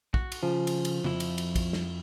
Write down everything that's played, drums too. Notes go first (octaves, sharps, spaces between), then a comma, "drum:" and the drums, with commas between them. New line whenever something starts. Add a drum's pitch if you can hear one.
F#4, drum: kick
drum: cymbal
C#3 F3
drum: cymbal
drum: cymbal
F2 E4, drum: tom C#3
drum: cymbal
drum: cymbal
drum: kick, cymbal
drum: snare